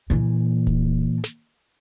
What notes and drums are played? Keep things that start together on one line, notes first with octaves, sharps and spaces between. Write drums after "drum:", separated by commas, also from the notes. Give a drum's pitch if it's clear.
A#2 E3, drum: hi-hat
drum: kick D1, hi-hat
drum: snare